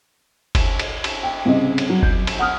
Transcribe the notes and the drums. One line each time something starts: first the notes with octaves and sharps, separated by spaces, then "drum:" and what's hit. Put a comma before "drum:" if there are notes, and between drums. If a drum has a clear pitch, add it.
drum: kick F#1, cymbal
drum: cymbal
drum: cymbal
G5
C2 C#3 C4 D#5
drum: cymbal
F#3
G6, drum: kick F#1
drum: cymbal
F#5 D#6 F6